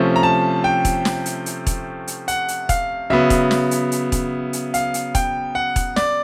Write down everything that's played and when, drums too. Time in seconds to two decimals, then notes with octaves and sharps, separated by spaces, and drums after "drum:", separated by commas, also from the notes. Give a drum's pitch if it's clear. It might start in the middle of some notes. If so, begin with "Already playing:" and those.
Already playing: C3 F3 A3 C#4
0.16 A#5
0.23 A5
0.64 G5
0.85 drum: kick E1, hi-hat
1.05 drum: snare
1.26 drum: hi-hat
1.46 drum: hi-hat
1.67 drum: kick E1, hi-hat
2.07 drum: hi-hat
2.28 F#5, drum: hi-hat
2.48 drum: hi-hat
2.69 F5, drum: kick E1, hi-hat
3.10 C#3 F#3 B3 E5
3.30 drum: kick E1, hi-hat
3.51 drum: snare
3.71 drum: hi-hat
3.92 drum: hi-hat
4.12 drum: kick E1, hi-hat
4.53 drum: hi-hat
4.74 F5, drum: hi-hat
4.94 drum: hi-hat
5.15 G5, drum: kick E1, hi-hat
5.55 F#5
5.76 drum: kick E1, hi-hat
5.96 D5, drum: snare